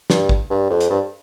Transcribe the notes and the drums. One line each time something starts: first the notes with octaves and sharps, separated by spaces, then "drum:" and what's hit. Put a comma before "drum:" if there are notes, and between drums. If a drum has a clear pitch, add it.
G2, drum: snare
drum: kick
G2
F2
drum: hi-hat
G2